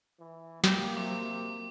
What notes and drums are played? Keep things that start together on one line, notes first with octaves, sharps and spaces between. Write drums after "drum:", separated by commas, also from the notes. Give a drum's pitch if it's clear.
E3
F#3 A#3 G4, drum: snare
C3 D6